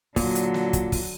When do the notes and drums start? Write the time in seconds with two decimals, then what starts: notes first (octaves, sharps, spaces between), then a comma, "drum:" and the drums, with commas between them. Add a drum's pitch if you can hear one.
0.16 A#2 D3 F#3, drum: kick, open hi-hat
0.35 drum: hi-hat
0.54 drum: snare
0.73 drum: kick, hi-hat
0.92 drum: kick, open hi-hat